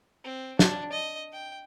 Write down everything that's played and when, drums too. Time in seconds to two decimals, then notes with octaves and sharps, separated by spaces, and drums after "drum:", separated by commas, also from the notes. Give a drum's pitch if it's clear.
0.24 C4
0.59 D4, drum: snare
0.92 D#5
1.32 G5